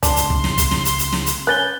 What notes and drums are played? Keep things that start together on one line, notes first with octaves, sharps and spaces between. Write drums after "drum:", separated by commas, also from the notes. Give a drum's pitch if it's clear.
C#2 C#3 D4 C6, drum: kick, hi-hat
drum: hi-hat
drum: kick
drum: snare
drum: kick, hi-hat
drum: snare
drum: hi-hat
drum: hi-hat
drum: snare
drum: hi-hat
C#4 B4 F#6 G6 A6 G7